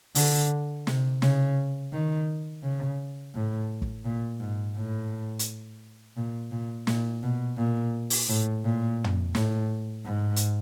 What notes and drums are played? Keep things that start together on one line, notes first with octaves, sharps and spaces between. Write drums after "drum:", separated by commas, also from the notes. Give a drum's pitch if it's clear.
D3, drum: open hi-hat
C3, drum: snare
C#3, drum: snare
D#3
C#3
A2
drum: kick
A#2
G#2
A2
drum: hi-hat
A#2
A#2
A#2, drum: snare
B2
A#2
drum: open hi-hat
A2
A#2
drum: tom
A2, drum: snare
G#2
drum: hi-hat